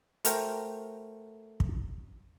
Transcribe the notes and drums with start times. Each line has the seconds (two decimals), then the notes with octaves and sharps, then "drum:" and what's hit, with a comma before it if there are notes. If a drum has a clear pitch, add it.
0.25 A3 F#4 A#4 C5 G5, drum: hi-hat
1.60 drum: kick